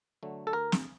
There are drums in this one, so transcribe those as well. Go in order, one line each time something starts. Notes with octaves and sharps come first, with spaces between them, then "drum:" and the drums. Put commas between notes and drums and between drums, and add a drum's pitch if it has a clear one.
D3 F#3 A3
A4
D2 A#4
drum: snare